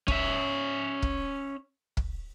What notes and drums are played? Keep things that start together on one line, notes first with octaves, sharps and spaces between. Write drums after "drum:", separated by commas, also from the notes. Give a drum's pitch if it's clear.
C#4 E5, drum: kick
drum: kick
drum: kick